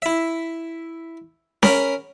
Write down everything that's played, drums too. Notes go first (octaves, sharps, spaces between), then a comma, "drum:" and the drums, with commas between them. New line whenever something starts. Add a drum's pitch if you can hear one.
E4 E5
C#4 A#4 B5, drum: snare C#4